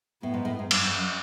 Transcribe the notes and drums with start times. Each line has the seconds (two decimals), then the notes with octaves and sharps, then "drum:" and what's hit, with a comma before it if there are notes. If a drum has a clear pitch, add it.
0.23 A2 B3
0.34 G#2
0.45 A2
0.59 G#2
0.71 G2, drum: cymbal
0.83 F2
0.95 F#2